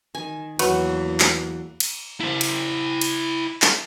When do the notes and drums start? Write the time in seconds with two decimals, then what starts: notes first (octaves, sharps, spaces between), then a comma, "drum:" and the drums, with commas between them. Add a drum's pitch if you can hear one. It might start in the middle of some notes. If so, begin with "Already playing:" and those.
0.15 D#3 G#5
0.59 E2 E3 F#3 A#3 B4 F#5 C#6, drum: cymbal
1.20 drum: clap
1.80 drum: cymbal
2.20 E4 C5
2.41 drum: cymbal
3.01 drum: cymbal
3.62 drum: clap